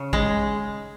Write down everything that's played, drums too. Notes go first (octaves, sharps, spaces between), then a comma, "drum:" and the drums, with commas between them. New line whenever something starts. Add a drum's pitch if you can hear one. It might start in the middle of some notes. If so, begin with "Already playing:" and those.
Already playing: C#3
G#3, drum: kick